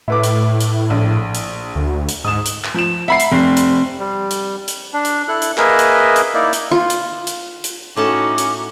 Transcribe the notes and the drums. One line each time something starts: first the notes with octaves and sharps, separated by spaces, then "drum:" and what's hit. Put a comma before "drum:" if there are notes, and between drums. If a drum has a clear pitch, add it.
A2 E4 B4 D6
drum: hi-hat
drum: hi-hat
A#1
drum: hi-hat
D2
drum: hi-hat
G#2 D#6 E7
drum: hi-hat
drum: clap
F3 E7
E5 F#5 B5 C7
drum: hi-hat
F1 C4
drum: hi-hat
G3
drum: hi-hat
drum: hi-hat
D4
drum: hi-hat
E4 A4 F#6
drum: hi-hat
A#3 G#4 A#4 B4 D#5 E5, drum: clap
drum: hi-hat
drum: hi-hat
A#3 D#4 E4 D5
drum: hi-hat
F4
drum: hi-hat
drum: hi-hat
drum: hi-hat
A2 A3 C#4 D#4 F#4 A5 D6
drum: hi-hat